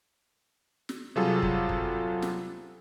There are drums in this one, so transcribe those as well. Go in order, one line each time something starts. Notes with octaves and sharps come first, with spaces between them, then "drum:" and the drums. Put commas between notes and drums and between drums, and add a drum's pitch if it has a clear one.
drum: snare
C3 F#3 G3 F4 G#4 A4
drum: kick
drum: kick
drum: snare